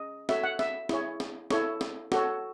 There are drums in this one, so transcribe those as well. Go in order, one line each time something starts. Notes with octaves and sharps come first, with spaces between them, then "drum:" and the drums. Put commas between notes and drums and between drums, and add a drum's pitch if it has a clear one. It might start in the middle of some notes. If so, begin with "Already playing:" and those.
Already playing: C#4 G#4 D#5
F#4 A4 C#5 E5, drum: snare
F#5
E5, drum: snare
E4 G#4 C#5, drum: snare
drum: snare
E4 A4 C#5, drum: snare
drum: snare
F#4 A4 C#5, drum: snare